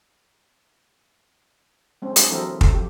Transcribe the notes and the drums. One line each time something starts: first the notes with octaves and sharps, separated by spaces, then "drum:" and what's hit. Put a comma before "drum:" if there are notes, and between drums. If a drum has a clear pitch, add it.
G#3 C4 C#4
D4 G4 G#4, drum: hi-hat
E3 F#3 C4 E4 A4 A#4
A4, drum: kick
F3 G4